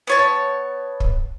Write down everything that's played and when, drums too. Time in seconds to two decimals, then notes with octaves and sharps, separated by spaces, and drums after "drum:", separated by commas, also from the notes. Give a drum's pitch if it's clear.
0.07 B3 C#5 A5
1.00 drum: kick